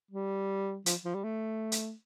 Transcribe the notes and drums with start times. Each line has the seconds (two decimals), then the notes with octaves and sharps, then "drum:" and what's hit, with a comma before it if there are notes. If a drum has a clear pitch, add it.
0.11 G3
0.86 F3, drum: hi-hat
1.05 F3
1.15 G3
1.24 A3
1.72 drum: hi-hat